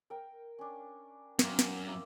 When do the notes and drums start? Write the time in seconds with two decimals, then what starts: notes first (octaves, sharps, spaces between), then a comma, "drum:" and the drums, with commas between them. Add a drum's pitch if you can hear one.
0.10 A#4 G5
0.59 C#4 D4
1.39 F#2 A#3 C4, drum: snare
1.59 drum: snare
1.87 A#3 E4